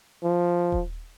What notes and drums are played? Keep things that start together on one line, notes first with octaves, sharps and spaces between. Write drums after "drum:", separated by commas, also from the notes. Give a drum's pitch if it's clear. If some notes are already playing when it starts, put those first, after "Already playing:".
F3
drum: kick D#1